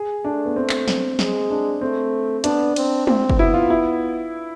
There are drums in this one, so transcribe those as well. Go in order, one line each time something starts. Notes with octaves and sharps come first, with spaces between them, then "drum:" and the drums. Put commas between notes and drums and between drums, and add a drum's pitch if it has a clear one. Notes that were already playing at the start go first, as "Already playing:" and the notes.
Already playing: G#4
A3 D4
B3
C4
drum: clap
C4, drum: snare
G#3, drum: snare
D4
A3 C4
B3 D4, drum: hi-hat
C4, drum: cymbal
C4, drum: tom G#3
drum: kick
B3 E4
F4
E4